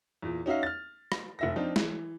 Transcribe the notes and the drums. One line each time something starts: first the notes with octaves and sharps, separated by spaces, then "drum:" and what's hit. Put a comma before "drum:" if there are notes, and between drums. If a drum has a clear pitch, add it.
E2 A#2
C#4 D#4 F#4 E5 F5
F6 A6
drum: rim click
F1 E5 A#6
F3 C4 D4 D#4 F4
E3, drum: snare